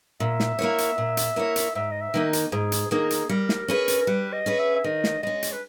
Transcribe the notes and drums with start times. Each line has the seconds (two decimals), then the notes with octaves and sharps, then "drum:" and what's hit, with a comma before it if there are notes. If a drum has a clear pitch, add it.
0.20 A#2 E5
0.40 drum: snare
0.59 A#3 E4 A#4 C#5
0.78 drum: hi-hat
0.98 A#2
1.17 drum: hi-hat
1.36 A#3 E4 A#4 C#5
1.56 drum: hi-hat
1.75 G#2 E5
1.91 D#5
2.01 E5
2.14 D#3 A#3 D#4
2.33 drum: hi-hat
2.52 G#2 G#4
2.72 drum: hi-hat
2.91 D#3 A#3 D#4 G#4
3.10 drum: hi-hat
3.29 G3 A#4
3.49 drum: snare
3.68 C#4 G#4 B4
3.88 drum: hi-hat
4.00 A#4
4.07 G3 B4
4.33 D#5
4.46 C#4 G#4 B4
4.59 E5
4.75 E5
4.84 D#3 D#5
5.04 drum: snare
5.23 G#3 C#4 D#5
5.42 drum: hi-hat
5.52 B4